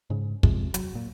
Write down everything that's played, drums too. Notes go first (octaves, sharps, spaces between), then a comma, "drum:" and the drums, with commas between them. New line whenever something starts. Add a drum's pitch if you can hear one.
G#2 C#3
C3 F3 G#3, drum: kick
F#3, drum: hi-hat
A#2